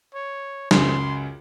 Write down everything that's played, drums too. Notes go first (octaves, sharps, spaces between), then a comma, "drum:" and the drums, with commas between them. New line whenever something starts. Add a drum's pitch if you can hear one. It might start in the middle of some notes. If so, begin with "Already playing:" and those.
C#5
C#2 F#2 C6, drum: snare